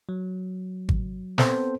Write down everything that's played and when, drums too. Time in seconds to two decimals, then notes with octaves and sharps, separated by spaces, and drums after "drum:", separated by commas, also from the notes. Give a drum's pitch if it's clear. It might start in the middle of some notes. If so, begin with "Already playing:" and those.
0.09 F#3
0.89 drum: kick G#1
1.38 B3 C4 A4 C5, drum: snare